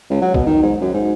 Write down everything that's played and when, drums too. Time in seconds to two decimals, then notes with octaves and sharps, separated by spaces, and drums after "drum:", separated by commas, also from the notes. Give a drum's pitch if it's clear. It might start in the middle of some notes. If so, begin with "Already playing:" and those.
0.10 C#2
0.22 F#3
0.34 B2, drum: kick A#1
0.46 D#3
0.63 G#2
0.81 F#2
0.94 G#2